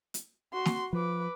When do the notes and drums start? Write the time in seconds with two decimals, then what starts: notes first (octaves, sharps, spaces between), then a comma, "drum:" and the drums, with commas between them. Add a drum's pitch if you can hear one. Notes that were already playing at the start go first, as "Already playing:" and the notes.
0.14 drum: hi-hat
0.53 F#4 C6
0.65 drum: snare
0.93 F3 B4 D6